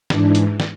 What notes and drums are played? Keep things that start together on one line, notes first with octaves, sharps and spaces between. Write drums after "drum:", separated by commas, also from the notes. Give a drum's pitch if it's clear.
G#2 E3 D4, drum: snare
drum: hi-hat
drum: snare